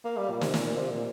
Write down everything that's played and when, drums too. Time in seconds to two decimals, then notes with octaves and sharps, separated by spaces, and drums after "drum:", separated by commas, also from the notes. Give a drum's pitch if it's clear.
0.04 A#3
0.17 G3
0.30 A#2
0.41 C3, drum: snare
0.54 A#2, drum: snare
0.66 A#2
0.78 C3
0.90 A#2